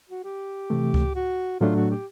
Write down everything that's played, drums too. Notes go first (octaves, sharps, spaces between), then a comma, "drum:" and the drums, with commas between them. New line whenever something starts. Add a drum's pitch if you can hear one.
F#4
G4
C3 E3 A3
drum: kick C#2
F#4
A2 F#3 A3 D4 F4
F#4
G4